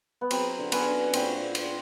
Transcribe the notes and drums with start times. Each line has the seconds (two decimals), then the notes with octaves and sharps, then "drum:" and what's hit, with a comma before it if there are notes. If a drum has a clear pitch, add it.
0.21 B3
0.31 F#3 C4, drum: cymbal
0.59 D3
0.72 B3 C#4, drum: cymbal
0.86 D3
1.13 A#2 C4, drum: cymbal
1.41 A#2
1.55 drum: cymbal